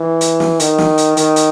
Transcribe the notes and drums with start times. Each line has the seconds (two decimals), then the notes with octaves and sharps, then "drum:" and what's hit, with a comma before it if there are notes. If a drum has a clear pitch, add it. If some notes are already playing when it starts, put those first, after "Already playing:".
Already playing: E3
0.21 drum: hi-hat
0.40 drum: snare
0.60 D#3, drum: hi-hat
0.78 drum: snare
0.98 drum: hi-hat
1.17 D#3, drum: hi-hat
1.36 drum: hi-hat